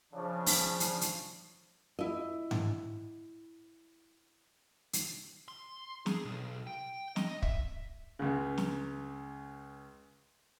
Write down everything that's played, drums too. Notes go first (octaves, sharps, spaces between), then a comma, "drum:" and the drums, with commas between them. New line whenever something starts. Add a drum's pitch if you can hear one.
C#3 F3 D4
drum: open hi-hat
drum: hi-hat
drum: hi-hat
E4 D#5
drum: tom G#2
drum: hi-hat
C6
G#4, drum: snare
B1
G5
D#5, drum: snare
E5, drum: kick
C#2 C#3
drum: snare